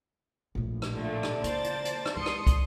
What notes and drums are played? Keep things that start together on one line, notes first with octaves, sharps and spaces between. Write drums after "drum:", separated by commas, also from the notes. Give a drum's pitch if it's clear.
A#1 A2
drum: rim click
A#2 D3 A3 D5 A5
drum: rim click
C#3 A#3 C5 A6, drum: hi-hat
drum: hi-hat
drum: hi-hat
drum: rim click
G#2 D#3 C6 D#6 C#7
drum: rim click
drum: kick, hi-hat